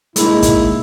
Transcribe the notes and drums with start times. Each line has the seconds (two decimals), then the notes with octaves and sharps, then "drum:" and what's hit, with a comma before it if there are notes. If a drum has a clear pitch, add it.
0.16 G#3 A#3 D#4 E4, drum: hi-hat
0.42 drum: kick, hi-hat